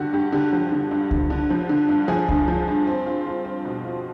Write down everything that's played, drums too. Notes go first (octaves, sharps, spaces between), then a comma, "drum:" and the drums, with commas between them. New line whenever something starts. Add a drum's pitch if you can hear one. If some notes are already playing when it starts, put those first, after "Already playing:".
Already playing: G2 D3 F#4 G4
G2 G4
D3 G4
F3
D3
G2
G2, drum: kick C#2
D3
F3
D3
G2
F3 G#4
G2, drum: kick C#2
F3
G2
C4
F4
F4
C4
B2
F4